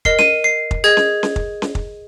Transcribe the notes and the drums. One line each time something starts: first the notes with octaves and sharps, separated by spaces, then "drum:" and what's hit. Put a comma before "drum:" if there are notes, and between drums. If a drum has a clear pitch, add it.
A#4 D#5 C7, drum: kick
D#7, drum: snare C#4
C7
drum: kick
G#4 D#5 G#6
drum: snare C#4
drum: snare C#4
drum: kick
drum: snare C#4
drum: kick